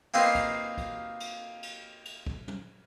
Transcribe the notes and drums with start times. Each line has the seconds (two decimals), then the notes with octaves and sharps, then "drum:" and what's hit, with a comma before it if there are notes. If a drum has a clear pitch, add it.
0.14 A#3 C4 D#4 F4 G#4 B4
0.35 drum: kick, cymbal
0.78 drum: kick, cymbal
1.20 drum: cymbal
1.63 drum: cymbal
2.05 drum: cymbal
2.26 drum: kick
2.48 drum: tom